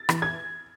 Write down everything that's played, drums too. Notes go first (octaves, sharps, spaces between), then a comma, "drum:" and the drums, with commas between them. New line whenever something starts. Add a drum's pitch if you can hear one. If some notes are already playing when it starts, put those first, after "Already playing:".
Already playing: A6
E3, drum: rim click
G#6